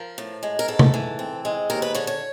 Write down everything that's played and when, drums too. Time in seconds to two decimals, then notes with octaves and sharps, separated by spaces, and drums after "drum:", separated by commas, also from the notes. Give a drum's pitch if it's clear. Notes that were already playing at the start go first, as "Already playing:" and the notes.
Already playing: F3 A#4
0.18 A2
0.43 G#3
0.59 A#4
0.68 G#2 A4
0.79 drum: tom C3
0.94 E3
1.19 C4
1.45 G#3
1.70 D#2 A#4
1.82 B4
1.95 D3 C#5
2.07 C#5